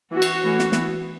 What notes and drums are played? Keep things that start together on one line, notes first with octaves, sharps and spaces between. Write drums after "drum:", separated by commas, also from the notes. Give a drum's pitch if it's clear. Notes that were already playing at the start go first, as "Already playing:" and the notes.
E3 B3 F#4
drum: cymbal
E3 A3 C#4
drum: snare
E3 B3, drum: snare